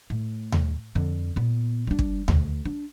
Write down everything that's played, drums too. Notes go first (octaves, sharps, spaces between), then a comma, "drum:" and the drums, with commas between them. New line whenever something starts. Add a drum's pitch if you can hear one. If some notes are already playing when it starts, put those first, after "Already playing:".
A2
drum: tom D#2
F2 D3
A#2 B3
G3 D4
drum: kick
D2, drum: tom D#2
D4